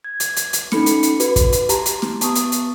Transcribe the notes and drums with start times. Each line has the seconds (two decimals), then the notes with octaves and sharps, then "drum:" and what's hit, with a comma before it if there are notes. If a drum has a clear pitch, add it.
0.04 G#6
0.20 drum: hi-hat
0.36 drum: hi-hat
0.53 drum: hi-hat
0.72 C#4 D#4 A4 B5 C#7, drum: snare
0.86 drum: hi-hat
1.03 drum: hi-hat
1.20 F#4 B4, drum: hi-hat
1.36 drum: kick, hi-hat
1.52 drum: hi-hat
1.69 G4 A5 A#5 C6, drum: hi-hat
1.86 drum: hi-hat
2.02 drum: snare
2.21 B3 A5 C#6 D#6, drum: hi-hat
2.35 drum: hi-hat
2.52 drum: hi-hat